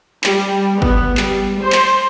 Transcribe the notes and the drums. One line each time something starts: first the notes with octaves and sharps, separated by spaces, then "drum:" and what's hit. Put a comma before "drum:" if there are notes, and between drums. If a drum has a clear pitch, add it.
G3, drum: clap
B3, drum: kick
G3, drum: clap
C5
drum: clap